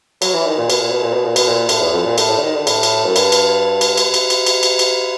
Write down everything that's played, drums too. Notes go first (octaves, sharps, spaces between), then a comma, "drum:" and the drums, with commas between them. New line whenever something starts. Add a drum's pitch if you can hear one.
F#3, drum: cymbal
E3
D#3
A#2
B2, drum: cymbal
A#2
B2
A#2
B2
A#2
B2, drum: cymbal
A#2
A2, drum: cymbal
E2
F2
A#2
A2, drum: cymbal
A2
D3
D#3
D3
A2, drum: cymbal
drum: cymbal
F#2
G2, drum: cymbal
drum: cymbal
drum: cymbal
drum: cymbal
drum: cymbal
drum: cymbal
drum: cymbal
drum: cymbal
drum: cymbal